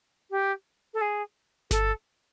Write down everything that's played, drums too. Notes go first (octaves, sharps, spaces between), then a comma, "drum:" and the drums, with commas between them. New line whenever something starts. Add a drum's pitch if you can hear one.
G4
A4
G#4
A4, drum: snare G1